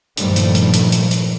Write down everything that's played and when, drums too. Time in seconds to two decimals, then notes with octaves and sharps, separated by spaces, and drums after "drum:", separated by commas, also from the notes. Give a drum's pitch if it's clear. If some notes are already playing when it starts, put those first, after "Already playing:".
0.17 G2 A#2 D#3 F3 G3 A3, drum: hi-hat
0.36 drum: hi-hat
0.55 drum: hi-hat
0.74 drum: hi-hat
0.92 drum: hi-hat
1.11 drum: hi-hat